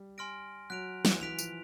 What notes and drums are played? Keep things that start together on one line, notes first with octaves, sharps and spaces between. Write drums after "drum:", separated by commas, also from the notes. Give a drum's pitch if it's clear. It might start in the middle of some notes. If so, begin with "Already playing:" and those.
Already playing: G3
G#5 C6 F6 A#6 D7
F#3 F#6 B6 D7 F7
E3, drum: snare
E3 F#6 B6 D7 F7
F3, drum: tambourine